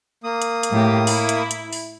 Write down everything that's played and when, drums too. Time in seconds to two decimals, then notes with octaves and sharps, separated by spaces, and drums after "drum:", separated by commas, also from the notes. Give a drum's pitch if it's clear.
0.24 A#3 D#6
0.42 drum: hi-hat
0.63 drum: hi-hat
0.72 A2 G4
1.07 E4, drum: open hi-hat
1.29 drum: hi-hat
1.51 drum: hi-hat
1.73 drum: open hi-hat